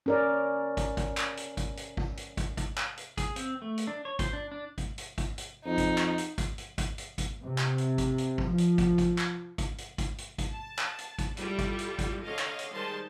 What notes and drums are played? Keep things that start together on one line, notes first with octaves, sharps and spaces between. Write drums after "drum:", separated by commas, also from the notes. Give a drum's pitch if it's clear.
C#4 A#4 D5
drum: kick, hi-hat
drum: kick, hi-hat
drum: clap
drum: hi-hat
drum: kick, hi-hat
drum: hi-hat
drum: kick
drum: hi-hat
drum: kick, hi-hat
drum: kick, hi-hat
drum: clap
drum: hi-hat
G#4, drum: kick, hi-hat
C4, drum: hi-hat
A3
drum: hi-hat
D4
C#5
C5, drum: kick, hi-hat
D4
D4
drum: kick, hi-hat
drum: hi-hat
drum: kick, hi-hat
drum: hi-hat
F2 D#4
drum: kick, hi-hat
drum: clap
drum: hi-hat
drum: kick, hi-hat
drum: hi-hat
drum: kick, hi-hat
drum: hi-hat
drum: kick, hi-hat
C3
drum: clap
drum: hi-hat
drum: kick, hi-hat
drum: hi-hat
drum: kick
F3
drum: hi-hat
drum: kick, hi-hat
drum: kick, hi-hat
drum: clap
drum: kick, hi-hat
drum: hi-hat
drum: kick, hi-hat
drum: hi-hat
drum: kick, hi-hat
A5
drum: clap
drum: hi-hat
drum: kick, hi-hat
G3 E4 F4 A4, drum: hi-hat
drum: kick, hi-hat
drum: hi-hat
drum: kick, hi-hat
D3 C#5 D#5 F5
drum: clap
drum: hi-hat
D#3 G3 G#3 C5 A5 C6